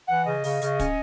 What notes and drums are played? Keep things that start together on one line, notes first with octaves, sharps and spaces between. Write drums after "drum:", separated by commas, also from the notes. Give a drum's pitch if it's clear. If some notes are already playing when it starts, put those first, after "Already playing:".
E3 F#5
C#3 D#5
C#3, drum: open hi-hat
C#3, drum: hi-hat
C#4, drum: kick, hi-hat